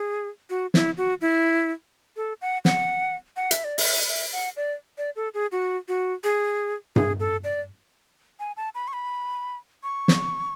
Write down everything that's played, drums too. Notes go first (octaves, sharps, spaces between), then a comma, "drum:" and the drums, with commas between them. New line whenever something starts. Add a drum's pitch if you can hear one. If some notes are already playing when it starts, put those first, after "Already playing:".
Already playing: G#4
F#4
E4, drum: snare
F#4
E4
A4
F#5
F#5, drum: snare
F#5
E5, drum: hi-hat
D5
E5, drum: open hi-hat
E5
F#5
D5
D5
A4
G#4
F#4
F#4
G#4
G#4, drum: tom G2
A4
D5
G#5
A5
B5
C#6
B5
C#6
drum: snare